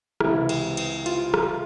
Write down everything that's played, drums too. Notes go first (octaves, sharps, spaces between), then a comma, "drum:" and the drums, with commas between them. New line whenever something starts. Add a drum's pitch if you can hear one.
C#2 C3 E3 E4, drum: rim click
drum: cymbal
drum: cymbal
F4, drum: cymbal
drum: rim click